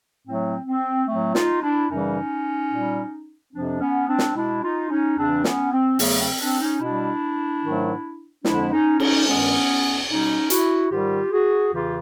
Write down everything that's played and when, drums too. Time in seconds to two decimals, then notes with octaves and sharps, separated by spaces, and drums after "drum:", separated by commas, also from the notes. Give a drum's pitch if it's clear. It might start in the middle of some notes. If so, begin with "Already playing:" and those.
0.26 A2 F#3 A3 C4
0.66 C4
1.07 A2 F#3 A3 C4
1.35 D#4 F4, drum: snare
1.62 D4 E4
1.89 F#2 C#3 E3 G3 C#4 D#4
2.72 A#2 G3
3.53 F2 C3 F3 C4 D4
3.80 B3 C#4
4.08 C4 D4
4.18 drum: snare
4.35 B2 G#3 D4 E4
4.63 D#4 F4
4.90 C#4 D#4
5.17 E2 C#3 E3 C4 D4
5.44 B3 C#4, drum: snare
5.72 C4
5.99 E2 C#3 F#3 A3 B3, drum: open hi-hat
6.20 C4
6.40 C4 D4
6.60 C#4 D#4
6.81 B2 G3 D4 E4
7.64 G#2 D#3 F#3 A3
8.45 F2 D3 F3 G#3 D4 E4, drum: snare
8.72 C#4 D#4
9.00 C#4 D#4, drum: cymbal
9.27 G2 D#3 G#3 B3 C#4
10.09 B2 G3 C#4 D#4
10.50 E4 F#4, drum: hi-hat
10.90 G#2 D#3 G3 F4 G4
11.32 F#4 G#4
11.73 E2 C#3 E3 F4 G4